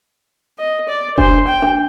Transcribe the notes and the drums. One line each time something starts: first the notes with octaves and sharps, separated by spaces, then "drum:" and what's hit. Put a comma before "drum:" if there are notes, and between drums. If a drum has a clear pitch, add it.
D#5
D5
D4 C5, drum: kick F1
G5
D4